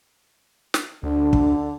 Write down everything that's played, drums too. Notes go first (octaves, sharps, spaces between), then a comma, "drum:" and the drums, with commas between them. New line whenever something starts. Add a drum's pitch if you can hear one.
drum: snare
D2 D3 D4
drum: kick